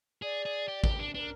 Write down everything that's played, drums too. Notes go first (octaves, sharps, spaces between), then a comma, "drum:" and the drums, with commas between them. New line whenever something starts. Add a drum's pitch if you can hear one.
G#4 D5
G#4
G4
G4, drum: kick
D4
D4 A#4 B4